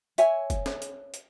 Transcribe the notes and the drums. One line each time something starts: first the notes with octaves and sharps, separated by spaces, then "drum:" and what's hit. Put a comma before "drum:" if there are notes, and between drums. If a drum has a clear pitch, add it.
C#5 E5 G#5, drum: hi-hat
drum: kick, hi-hat
drum: snare
drum: hi-hat
drum: hi-hat